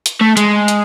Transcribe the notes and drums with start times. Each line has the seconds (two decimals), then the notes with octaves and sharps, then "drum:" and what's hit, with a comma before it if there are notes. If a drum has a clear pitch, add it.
0.06 drum: hi-hat
0.21 A3
0.37 G#3, drum: hi-hat
0.68 drum: hi-hat